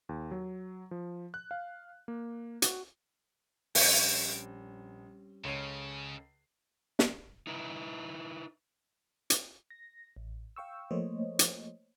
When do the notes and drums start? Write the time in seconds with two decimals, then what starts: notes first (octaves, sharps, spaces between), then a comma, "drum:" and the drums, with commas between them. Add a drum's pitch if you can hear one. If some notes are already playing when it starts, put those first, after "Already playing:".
0.09 D#2
0.31 F#3
0.91 F3
1.34 F#6
1.51 F5
2.08 A#3
2.62 F#4, drum: hi-hat
3.75 A#1 G3 C4 C#4, drum: open hi-hat
5.44 C#2 C#3 A4 C#5 C6 C7
6.99 drum: snare
7.47 D#4 E4 B4
9.30 drum: hi-hat
9.70 A#6
10.17 A1
10.56 F5 G5 C#6 E6
10.91 F3 A3 A#3 C5 C#5 D#5
11.39 drum: hi-hat